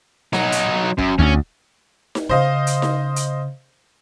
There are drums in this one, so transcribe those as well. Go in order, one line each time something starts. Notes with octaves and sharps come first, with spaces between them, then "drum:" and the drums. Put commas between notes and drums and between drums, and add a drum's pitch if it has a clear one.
F#3 D#4, drum: snare D#4
drum: hi-hat
F#2, drum: kick
D2 C#4
drum: snare D#4
C#3 C5 D#5 F5
drum: hi-hat
drum: snare D#4
drum: hi-hat